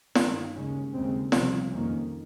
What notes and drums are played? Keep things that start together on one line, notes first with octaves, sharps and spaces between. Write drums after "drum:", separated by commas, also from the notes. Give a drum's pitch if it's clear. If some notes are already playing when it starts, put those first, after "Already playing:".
G2 D#3 G#3, drum: snare
D#2 C#3 G#3 C#4
D#2 C#3 G#3 C4
C2 C3 F3 C4, drum: snare
F2 D#3 A#3 C#4